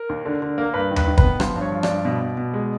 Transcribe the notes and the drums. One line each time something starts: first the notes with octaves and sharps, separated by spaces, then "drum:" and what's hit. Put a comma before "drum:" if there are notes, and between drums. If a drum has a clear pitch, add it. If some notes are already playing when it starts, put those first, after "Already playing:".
Already playing: A#4
D#2
D3
D3
A#3
A#4
G2 B4
D#3
B4, drum: tom D#2
D#3
B4, drum: kick
B3
F3 C5, drum: rim click
G2
C#5
F3
D5, drum: rim click
G2
B2
B2
B2
G#3